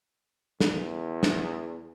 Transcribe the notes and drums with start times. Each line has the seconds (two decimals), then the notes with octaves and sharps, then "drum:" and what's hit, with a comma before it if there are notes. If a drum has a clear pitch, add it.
0.61 E2, drum: snare
1.23 drum: snare